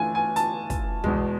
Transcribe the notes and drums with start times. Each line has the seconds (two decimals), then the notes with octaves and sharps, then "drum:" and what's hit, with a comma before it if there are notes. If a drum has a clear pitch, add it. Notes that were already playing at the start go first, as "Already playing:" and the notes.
Already playing: E3 A3 D4 F4 G#5
0.15 G#5
0.36 A5, drum: hi-hat
0.70 drum: kick, hi-hat
1.04 E2 B2 G#3, drum: tom